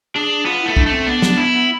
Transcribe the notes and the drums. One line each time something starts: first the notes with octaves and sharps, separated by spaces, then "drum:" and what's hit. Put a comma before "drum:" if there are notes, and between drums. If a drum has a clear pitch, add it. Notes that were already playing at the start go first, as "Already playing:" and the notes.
D4 G#4
B3 F4
A3 E4
D4, drum: kick
A3
C4
B3 D4
drum: snare
E4